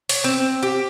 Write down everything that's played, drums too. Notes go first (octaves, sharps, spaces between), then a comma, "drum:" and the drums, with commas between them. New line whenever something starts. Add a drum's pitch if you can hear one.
C#5, drum: open hi-hat
C4
G4